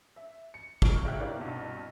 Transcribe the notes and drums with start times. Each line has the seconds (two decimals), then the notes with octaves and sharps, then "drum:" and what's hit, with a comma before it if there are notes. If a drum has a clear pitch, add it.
0.16 E5
0.54 C#7
0.82 A1 A#2 C#6 F6 D7, drum: kick
1.04 G#1 C#2 G#3 E5 G5 F#6
1.20 E4 G4 A#4 C#5 D5 F5
1.37 C2 G2 B2